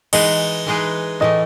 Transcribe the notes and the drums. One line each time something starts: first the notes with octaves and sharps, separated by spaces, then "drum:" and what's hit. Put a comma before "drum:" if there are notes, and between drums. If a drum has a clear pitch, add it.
E3 G#3 D#4 G#4 B4 D#5, drum: cymbal
E3 G#3 D#4 G#4 B4
A2 E3 A3 D#5